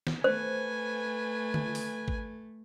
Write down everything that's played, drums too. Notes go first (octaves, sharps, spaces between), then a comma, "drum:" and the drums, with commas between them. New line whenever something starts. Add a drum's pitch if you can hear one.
drum: snare
A3 B4 C5 G#5
drum: tom D3
drum: open hi-hat
drum: kick G#1